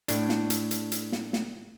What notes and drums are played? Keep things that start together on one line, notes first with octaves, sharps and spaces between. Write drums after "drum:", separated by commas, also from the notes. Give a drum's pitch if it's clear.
A2 D4, drum: hi-hat
drum: snare
drum: hi-hat
drum: hi-hat
drum: hi-hat
drum: snare
drum: snare